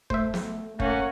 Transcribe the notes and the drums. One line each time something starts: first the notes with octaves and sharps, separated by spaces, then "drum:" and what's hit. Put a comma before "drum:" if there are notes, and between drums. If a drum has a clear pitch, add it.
A3 C5 E5, drum: kick
drum: snare
A#3 C#4 F#5, drum: kick